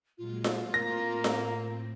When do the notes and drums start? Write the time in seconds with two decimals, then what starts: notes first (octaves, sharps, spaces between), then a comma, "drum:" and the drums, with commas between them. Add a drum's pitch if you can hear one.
0.18 A#2 F#3 G#3 F4
0.44 drum: snare F4
0.74 A2 A#3 C4 A#6
1.24 drum: snare F4